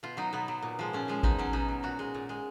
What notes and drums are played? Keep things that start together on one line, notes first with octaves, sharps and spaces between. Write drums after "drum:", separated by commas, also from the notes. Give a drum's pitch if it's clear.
B2 F4
F#3 D#4
B2 B3
F#3
A#2
F3 G#3
A#2 C#4
F3 G#3
B2 D#4, drum: kick A1
F#3 C#4
B2 D#4
F#3
A#2 F#4
G#3
A#2
G#3